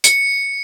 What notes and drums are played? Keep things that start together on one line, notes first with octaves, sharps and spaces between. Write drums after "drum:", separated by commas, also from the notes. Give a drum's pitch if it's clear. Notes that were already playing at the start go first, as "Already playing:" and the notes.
C#7, drum: hi-hat